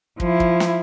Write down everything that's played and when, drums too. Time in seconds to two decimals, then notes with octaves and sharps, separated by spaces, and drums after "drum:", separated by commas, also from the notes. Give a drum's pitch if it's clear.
0.20 F3 E4, drum: kick
0.40 drum: kick
0.60 drum: snare